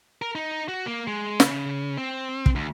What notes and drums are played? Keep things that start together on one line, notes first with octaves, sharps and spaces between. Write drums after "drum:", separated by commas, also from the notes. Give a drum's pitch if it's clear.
A#4
D#4
F#4
A#3
G#3
C#3, drum: snare
C4
drum: kick
D2